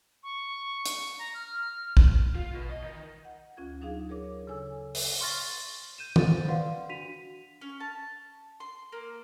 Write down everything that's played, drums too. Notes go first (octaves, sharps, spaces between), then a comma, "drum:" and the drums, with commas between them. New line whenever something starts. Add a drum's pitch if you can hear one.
C#6
drum: hi-hat
A#5
F6
drum: kick A#1
F4
B2
D#5
D#3
F#5
D2 C#4 F4 G#6
F#3 D4 D#4 G#4 F5
G#4 A#4 C#5 D6
C#3 A4 C#5 G#5 E6
drum: open hi-hat
C6 C#6 F6 A6 A#6
G6 D#7 E7
A#4 C5 A6 D#7, drum: tom D#3
B4 D5 F5 F#5 C6
D4 F#4 B6 D#7 F7
C#4
A5
C6
A#3